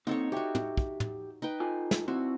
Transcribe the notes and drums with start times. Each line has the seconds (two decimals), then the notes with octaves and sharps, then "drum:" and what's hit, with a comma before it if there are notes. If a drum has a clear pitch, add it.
0.07 A#3 C4 D#4 A4 C#5
0.32 F#4 G4 C#5 E5 G5
0.55 drum: tom
0.77 drum: kick
1.00 drum: tom
1.42 D#4 B4 G5
1.60 F4 A4 G#5
1.91 drum: snare
2.08 C4 E4 F#4